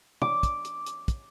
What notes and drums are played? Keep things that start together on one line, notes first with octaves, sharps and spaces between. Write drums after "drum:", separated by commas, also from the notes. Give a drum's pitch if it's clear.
D6, drum: tom
drum: kick, hi-hat
drum: hi-hat
drum: hi-hat
drum: kick, hi-hat